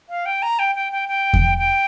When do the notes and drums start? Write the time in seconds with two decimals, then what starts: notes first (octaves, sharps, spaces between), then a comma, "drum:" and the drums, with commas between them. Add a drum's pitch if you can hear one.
0.09 F5
0.26 G5
0.42 A#5
0.59 G5
0.75 G5
0.92 G5
1.09 G5
1.33 drum: kick E2
1.58 G5